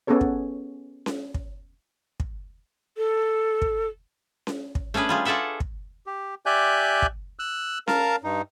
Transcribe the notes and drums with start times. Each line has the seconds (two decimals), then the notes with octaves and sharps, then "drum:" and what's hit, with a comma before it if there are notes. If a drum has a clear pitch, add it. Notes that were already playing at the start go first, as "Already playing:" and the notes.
0.07 B3 C#4 G#4 A4 C#5
0.21 drum: kick
1.06 drum: snare C#4
1.34 drum: kick
2.20 drum: kick
2.97 A4
3.62 drum: kick
4.47 drum: snare C#4
4.75 drum: kick
4.94 A3 C#4 D4 G#4 B4
5.09 G3 F4 G#4
5.25 F4 G#4 A4 D5 E5 F#5
5.60 drum: kick
6.06 G4
6.46 G4 D5 E5 G#5 F#6 G6
7.02 drum: kick
7.39 E6 F#6
7.88 A#4 F5 A5 A#5, drum: snare C#4
8.24 G2 D#4